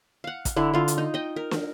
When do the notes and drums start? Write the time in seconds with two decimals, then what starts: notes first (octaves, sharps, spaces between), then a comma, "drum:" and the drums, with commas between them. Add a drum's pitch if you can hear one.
0.24 F5 F#5
0.45 drum: kick, hi-hat
0.56 D3 E4
0.74 D3 F4
0.88 drum: hi-hat
0.98 D#4
1.14 D#5 G5
1.36 A#4
1.51 drum: snare